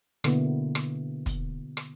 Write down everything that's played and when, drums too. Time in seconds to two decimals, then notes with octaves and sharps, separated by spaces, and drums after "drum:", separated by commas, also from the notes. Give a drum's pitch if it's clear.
0.24 B2 D3 A#3 B3 E4, drum: rim click
0.75 drum: rim click
1.26 drum: kick, hi-hat
1.77 drum: rim click